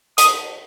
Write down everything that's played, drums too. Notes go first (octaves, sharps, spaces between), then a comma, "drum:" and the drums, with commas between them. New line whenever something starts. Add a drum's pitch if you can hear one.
D#6, drum: hi-hat